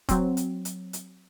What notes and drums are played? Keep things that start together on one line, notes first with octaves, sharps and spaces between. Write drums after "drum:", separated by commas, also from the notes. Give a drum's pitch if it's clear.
F#3 C4, drum: kick D#1, hi-hat
drum: hi-hat
drum: hi-hat
drum: hi-hat